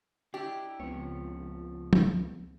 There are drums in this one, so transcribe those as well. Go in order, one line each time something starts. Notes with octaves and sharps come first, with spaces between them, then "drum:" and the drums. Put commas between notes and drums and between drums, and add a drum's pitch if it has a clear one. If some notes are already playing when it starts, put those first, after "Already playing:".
D4 E4 G4
C#2 F3 B3 C4 C#5
drum: tom